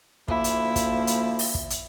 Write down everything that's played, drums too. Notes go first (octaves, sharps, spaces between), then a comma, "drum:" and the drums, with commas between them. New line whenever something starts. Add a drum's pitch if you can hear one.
D2 F3 A#3 E4, drum: kick
drum: hi-hat
drum: kick, hi-hat
drum: hi-hat
drum: open hi-hat
drum: kick
drum: hi-hat